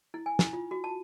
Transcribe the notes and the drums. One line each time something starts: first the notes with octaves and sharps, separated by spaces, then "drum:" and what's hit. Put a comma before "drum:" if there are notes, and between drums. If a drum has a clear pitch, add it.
E4
G#5
E4, drum: snare
F4
F#4
A5